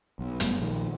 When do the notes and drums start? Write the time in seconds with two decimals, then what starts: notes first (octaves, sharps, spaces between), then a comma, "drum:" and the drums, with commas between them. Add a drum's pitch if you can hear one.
0.19 B1
0.40 F#1 G2 A3 B3, drum: hi-hat
0.58 A#1 D#3